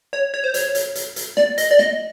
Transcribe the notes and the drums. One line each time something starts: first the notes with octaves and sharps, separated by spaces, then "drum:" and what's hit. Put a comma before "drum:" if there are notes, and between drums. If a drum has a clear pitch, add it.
C#5
C#5
C5
C#5, drum: hi-hat
drum: hi-hat
drum: hi-hat
drum: hi-hat
D5, drum: snare
D#5, drum: hi-hat
D5
D#5, drum: snare